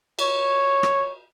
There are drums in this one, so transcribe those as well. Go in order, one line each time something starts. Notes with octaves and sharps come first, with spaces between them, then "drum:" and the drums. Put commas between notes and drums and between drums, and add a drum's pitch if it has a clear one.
C#5, drum: cymbal
drum: rim click